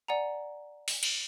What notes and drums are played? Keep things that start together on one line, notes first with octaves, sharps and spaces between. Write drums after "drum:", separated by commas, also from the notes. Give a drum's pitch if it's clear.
D5 F#5 G#5 A#5
drum: open hi-hat
drum: cymbal